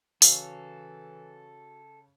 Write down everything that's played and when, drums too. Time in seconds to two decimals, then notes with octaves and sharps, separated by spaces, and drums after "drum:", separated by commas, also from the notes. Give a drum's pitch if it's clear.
0.22 C#3 E3 F#4 A4 C#5 F5 E6, drum: open hi-hat